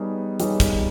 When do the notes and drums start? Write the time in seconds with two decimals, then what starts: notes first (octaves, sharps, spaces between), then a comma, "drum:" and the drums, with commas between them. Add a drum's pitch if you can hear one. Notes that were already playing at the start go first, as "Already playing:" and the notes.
Already playing: G3 B3 D#4 G#4 C#5
0.40 G3 B3 D#4 G#4 C#5, drum: hi-hat
0.60 drum: kick, hi-hat